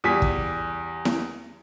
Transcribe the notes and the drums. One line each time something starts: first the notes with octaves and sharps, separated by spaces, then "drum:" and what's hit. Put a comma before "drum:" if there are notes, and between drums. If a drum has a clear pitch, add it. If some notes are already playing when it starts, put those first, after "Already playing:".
E2 G3 G#5 B6
drum: kick
drum: snare E4